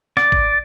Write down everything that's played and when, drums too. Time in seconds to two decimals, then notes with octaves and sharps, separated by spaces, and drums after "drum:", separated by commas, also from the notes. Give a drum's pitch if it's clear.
0.17 D5, drum: rim click
0.32 drum: kick